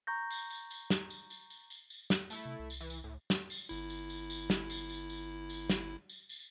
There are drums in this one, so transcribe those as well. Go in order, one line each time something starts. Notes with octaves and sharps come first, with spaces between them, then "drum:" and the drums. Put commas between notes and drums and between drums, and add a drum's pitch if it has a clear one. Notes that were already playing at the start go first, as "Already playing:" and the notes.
A#5 C#6 G6 A#6
drum: tambourine
drum: tambourine
drum: tambourine
drum: snare
drum: tambourine
drum: tambourine
drum: tambourine
drum: tambourine
drum: tambourine
drum: snare
A3 E4, drum: tambourine
C3
C2
drum: tambourine
E3
drum: tambourine
C#2 A2
drum: snare
drum: tambourine
G1 E4, drum: tambourine
drum: tambourine
drum: tambourine
drum: tambourine
drum: snare
drum: tambourine
drum: tambourine
drum: tambourine
drum: tambourine
drum: snare
drum: tambourine
drum: tambourine